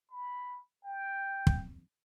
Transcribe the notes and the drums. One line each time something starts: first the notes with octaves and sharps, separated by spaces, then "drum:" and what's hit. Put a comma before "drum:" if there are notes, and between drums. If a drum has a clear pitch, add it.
B5
G5
drum: kick